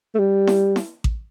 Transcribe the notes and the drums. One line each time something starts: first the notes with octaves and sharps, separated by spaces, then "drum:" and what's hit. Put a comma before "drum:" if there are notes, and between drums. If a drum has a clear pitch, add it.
A3
G3
drum: snare E4
drum: snare E4
drum: kick A1